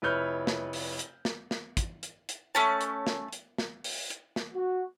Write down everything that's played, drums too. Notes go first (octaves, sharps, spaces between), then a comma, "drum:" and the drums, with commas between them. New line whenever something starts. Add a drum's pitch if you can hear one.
F1 E4 B4 C#5 F6 G6
drum: snare
drum: open hi-hat
drum: hi-hat
drum: snare
drum: snare
drum: kick, hi-hat
drum: hi-hat
drum: hi-hat
A3 C#4 A5
drum: hi-hat
drum: snare
drum: hi-hat
drum: snare
drum: open hi-hat
drum: hi-hat
drum: snare
F#4